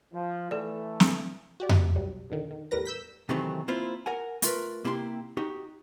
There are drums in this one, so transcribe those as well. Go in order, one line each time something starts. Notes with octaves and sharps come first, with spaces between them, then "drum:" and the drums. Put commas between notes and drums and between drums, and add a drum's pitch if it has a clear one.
F3
E3 A3 A4 D5
drum: snare
F#4 G4 D5
drum: tom F2
B1 F#3 G3
F2 B2 D3 D#3
D#3
E2 A2 G3 A#4 B4 A#6
E6 G6 B6
C3 D#3 E3 F#3 A3 C4
A#3 C4 E4 F4 C5
A#4 F#5 G#5
A3 F4 A#4 B4, drum: hi-hat
C3 A#3 E4 G4 B5 C6
D#4 F#4 G4